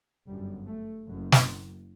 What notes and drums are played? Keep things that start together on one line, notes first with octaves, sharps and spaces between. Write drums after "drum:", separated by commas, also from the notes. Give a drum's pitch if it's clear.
G1 F#2 G3
A3
F#1 F#2
drum: snare